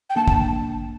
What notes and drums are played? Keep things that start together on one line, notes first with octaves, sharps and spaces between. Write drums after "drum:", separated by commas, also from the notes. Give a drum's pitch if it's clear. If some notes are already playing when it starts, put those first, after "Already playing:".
G5
A#3 D4 A5
A5, drum: kick